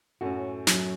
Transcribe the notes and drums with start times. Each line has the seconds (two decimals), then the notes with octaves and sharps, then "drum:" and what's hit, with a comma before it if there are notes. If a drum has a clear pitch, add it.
0.21 F#2 A2 C#4 F#4
0.67 F#2 F#3, drum: snare